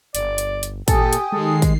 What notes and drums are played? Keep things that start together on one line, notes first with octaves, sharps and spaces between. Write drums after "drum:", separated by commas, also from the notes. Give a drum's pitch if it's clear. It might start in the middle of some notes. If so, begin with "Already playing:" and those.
G1 D5, drum: hi-hat
drum: hi-hat
drum: hi-hat
A#2 G4 A4 G5 G#5 D#6, drum: kick, hi-hat
drum: hi-hat
D#3 G#3 A4 C7
drum: kick, hi-hat